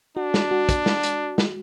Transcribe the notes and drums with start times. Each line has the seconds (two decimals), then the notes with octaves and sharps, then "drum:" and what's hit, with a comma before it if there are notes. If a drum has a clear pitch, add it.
0.17 D4 F#4
0.34 drum: snare
0.51 F#4
0.69 drum: kick, hi-hat
0.86 drum: snare
1.03 drum: hi-hat
1.38 drum: snare